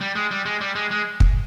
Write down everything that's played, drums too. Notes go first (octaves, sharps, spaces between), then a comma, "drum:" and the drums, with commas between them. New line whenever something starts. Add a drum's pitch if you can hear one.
G3
G#3
G3
G#3
G3
G#3
G#3
drum: kick